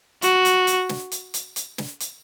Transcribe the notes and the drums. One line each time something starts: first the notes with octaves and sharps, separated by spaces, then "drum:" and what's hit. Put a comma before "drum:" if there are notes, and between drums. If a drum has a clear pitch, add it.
F#4, drum: hi-hat
drum: hi-hat
drum: hi-hat
drum: snare
drum: hi-hat
drum: hi-hat
drum: hi-hat
drum: snare
drum: hi-hat